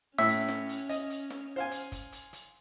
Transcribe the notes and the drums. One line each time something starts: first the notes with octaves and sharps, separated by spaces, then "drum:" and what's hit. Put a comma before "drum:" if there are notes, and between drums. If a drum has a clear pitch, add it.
A2 C#4 E5
drum: hi-hat
drum: snare
drum: hi-hat
D#5, drum: hi-hat
drum: hi-hat
drum: snare
C5 F5 G#5
drum: hi-hat
drum: kick, hi-hat
drum: hi-hat
drum: hi-hat